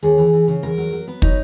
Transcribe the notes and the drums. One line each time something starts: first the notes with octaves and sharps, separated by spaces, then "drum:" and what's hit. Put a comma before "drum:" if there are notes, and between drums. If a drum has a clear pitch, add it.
D#2 G#4
E3
E3
C#3
E2 A#4
F#3
F#3
B3
F#3 D#4, drum: kick